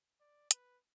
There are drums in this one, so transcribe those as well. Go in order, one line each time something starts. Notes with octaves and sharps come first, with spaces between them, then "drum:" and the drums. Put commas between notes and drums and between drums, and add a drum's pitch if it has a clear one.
D5
B4, drum: hi-hat